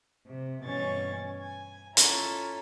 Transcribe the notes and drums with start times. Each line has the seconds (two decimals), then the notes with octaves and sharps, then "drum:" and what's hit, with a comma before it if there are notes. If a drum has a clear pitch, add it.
0.27 C3
0.63 G2 B2 E3 C#4 C#6 A6
1.40 G#5
1.97 C#4 E4 F4 A4 A#5, drum: hi-hat